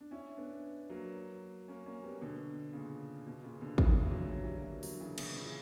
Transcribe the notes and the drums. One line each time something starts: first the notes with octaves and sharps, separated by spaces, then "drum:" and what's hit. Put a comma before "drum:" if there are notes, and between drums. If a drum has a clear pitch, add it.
D4
C#4 E4
B3 D4
F#3 A#3
A#3 C#4
A#3 C#4
G3 B3
B2 D3
A#2 C#3
B2
A#2 C#3
B2 D3
C#3 E3, drum: kick
D3 F#3
D3 F#3
E3 G3
F#3 A#3
D3 F#3, drum: open hi-hat
C#3 E3
B2, drum: cymbal
A#2 C#3
E3